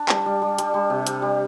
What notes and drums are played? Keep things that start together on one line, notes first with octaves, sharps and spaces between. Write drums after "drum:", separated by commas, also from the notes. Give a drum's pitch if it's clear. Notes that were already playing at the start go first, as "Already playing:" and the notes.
Already playing: D4
G3, drum: clap
G3
G3
G3, drum: hi-hat
G3
C3
C3, drum: hi-hat
G3